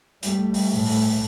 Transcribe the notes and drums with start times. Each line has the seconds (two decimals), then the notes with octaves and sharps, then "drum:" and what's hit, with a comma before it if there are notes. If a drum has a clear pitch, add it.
0.23 G3 A3, drum: hi-hat
0.54 drum: open hi-hat
0.71 A2 A3
0.85 drum: open hi-hat